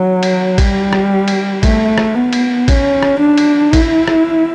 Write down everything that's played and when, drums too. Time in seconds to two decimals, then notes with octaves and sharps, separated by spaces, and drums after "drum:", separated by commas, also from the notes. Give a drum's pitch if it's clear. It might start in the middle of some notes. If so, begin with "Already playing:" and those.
Already playing: F#3
0.23 drum: cymbal
0.58 G3, drum: kick A1, cymbal
0.93 drum: rim click
1.28 drum: cymbal
1.63 A3, drum: kick A1, cymbal
1.98 drum: rim click
2.15 B3
2.33 drum: cymbal
2.68 C#4, drum: kick A1, cymbal
3.03 drum: rim click
3.20 D4
3.38 drum: cymbal
3.73 E4, drum: kick A1, cymbal
4.07 drum: rim click